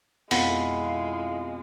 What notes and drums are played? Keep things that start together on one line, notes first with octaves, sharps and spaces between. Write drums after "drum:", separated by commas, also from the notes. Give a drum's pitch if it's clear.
F2 B2 G#3 E4 F#4 F5 B5, drum: open hi-hat